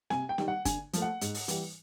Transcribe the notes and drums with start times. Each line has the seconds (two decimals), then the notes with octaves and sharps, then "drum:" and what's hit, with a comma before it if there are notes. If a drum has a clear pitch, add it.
0.10 C3 G#5, drum: snare
0.29 G5
0.38 D#3 G3, drum: snare
0.48 F#5
0.65 D3 G#5, drum: kick, hi-hat
0.93 F3 A3, drum: hi-hat
1.02 F#5
1.21 G#2, drum: hi-hat
1.34 drum: open hi-hat
1.48 E3 G3, drum: hi-hat